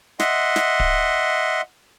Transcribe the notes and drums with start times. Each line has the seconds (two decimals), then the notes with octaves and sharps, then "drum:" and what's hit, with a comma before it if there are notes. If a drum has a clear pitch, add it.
0.19 D#5 E5 F#5 C6, drum: snare
0.56 drum: snare
0.80 drum: kick D1